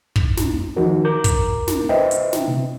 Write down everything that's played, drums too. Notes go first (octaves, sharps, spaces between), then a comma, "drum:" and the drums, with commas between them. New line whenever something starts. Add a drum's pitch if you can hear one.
drum: kick
drum: snare
D#3 F3 D#4 F#4 A#4
A#4 A#5 D6 G6
drum: kick, hi-hat
drum: snare
B4 C5 D#5 E5 G5
drum: hi-hat
drum: snare
C3